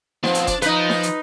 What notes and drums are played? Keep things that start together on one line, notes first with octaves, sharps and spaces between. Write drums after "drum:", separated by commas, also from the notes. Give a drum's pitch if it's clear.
F3 B3 C4, drum: snare D#4
drum: hi-hat
D4, drum: kick F1, hi-hat
F3 D#4 B4, drum: hi-hat
drum: snare D#4
drum: hi-hat